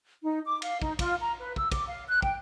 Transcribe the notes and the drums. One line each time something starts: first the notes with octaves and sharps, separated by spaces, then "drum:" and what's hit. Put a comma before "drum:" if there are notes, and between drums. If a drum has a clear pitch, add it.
D#4
D6
F5, drum: cymbal
D#4, drum: kick
F4, drum: kick, cymbal
A#5
B4
E6, drum: kick
D6, drum: kick, cymbal
F5
F#6
G5, drum: kick